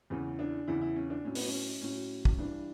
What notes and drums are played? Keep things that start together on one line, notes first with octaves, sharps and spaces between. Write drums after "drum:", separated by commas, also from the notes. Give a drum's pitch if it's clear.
E2 C#3 E3 C#4
D4
E2 C#3 E3 E4
E4
C#4
D4
A2 F#3 C#4
B3, drum: open hi-hat
C#4
A2 F#3 C#4
drum: kick
G2 E3 D4